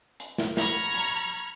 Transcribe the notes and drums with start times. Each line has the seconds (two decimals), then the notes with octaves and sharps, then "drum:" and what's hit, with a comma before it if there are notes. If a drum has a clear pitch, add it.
0.20 drum: hi-hat
0.38 drum: snare
0.57 A#5 B5 C#6 F6 G#6, drum: snare
0.94 drum: hi-hat